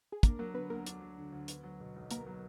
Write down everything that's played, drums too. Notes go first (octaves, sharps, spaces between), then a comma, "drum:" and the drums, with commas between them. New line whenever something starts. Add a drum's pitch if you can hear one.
G#4
A#3 D4 A#4, drum: kick, hi-hat
F#3 A#3 A#4
D3 B3 B4
D2 A#3 A#4
D4, drum: hi-hat
F#3
D3
D2
B3, drum: hi-hat
F#3
B2
B1
A#3 B3 A#4, drum: hi-hat
F#3